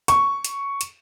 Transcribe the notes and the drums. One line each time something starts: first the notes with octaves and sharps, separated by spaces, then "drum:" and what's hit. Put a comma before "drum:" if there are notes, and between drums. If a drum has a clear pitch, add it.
C#6, drum: hi-hat
drum: hi-hat
drum: hi-hat